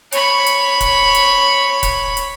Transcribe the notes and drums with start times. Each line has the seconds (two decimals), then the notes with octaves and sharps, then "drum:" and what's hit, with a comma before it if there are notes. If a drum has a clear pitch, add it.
0.12 C#5 B5, drum: hi-hat
0.46 drum: hi-hat
0.81 drum: kick, hi-hat
1.15 drum: hi-hat
1.83 drum: kick, hi-hat
2.17 drum: hi-hat